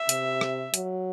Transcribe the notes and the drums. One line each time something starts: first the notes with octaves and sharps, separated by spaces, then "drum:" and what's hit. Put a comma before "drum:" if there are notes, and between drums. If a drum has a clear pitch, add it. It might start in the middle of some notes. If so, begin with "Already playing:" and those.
Already playing: E5
C3, drum: hi-hat
drum: rim click
F#3, drum: hi-hat